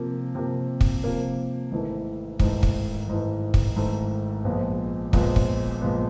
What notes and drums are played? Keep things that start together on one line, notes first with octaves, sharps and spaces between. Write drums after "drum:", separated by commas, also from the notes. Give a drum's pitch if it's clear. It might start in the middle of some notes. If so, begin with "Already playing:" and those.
Already playing: C3 F3 A#3
C3 F3 A#3
drum: kick
C3 F3 A#3
G#1 G#2 E3 A3
G#1 G#2 E3 A3, drum: kick
drum: kick
G#1 G#2 E3 A3
drum: kick
G#1 G#2 E3 A3
A#1 A#2 F3 G#3 B3
A#1 A#2 F3 G#3 B3, drum: kick
drum: kick
A#2 F3 G#3 B3